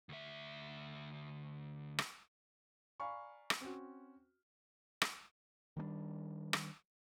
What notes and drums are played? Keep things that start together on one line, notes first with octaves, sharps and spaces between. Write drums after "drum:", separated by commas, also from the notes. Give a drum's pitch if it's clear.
D2 E5
drum: rim click
D5 F5 G#5 A#5 B5 C#6
drum: rim click
C4 C#4 F#4
drum: rim click
D#3 G3 G#3 D4
drum: rim click